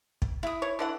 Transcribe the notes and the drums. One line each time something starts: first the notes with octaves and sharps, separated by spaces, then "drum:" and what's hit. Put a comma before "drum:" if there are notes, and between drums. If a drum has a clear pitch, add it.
drum: kick
E4 D#6
C#5
D3 E3 F#5